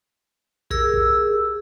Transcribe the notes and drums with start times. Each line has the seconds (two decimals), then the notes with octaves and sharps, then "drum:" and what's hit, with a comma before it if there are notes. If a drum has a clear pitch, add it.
0.70 G4 G#4 A#4 E6, drum: kick
0.94 drum: kick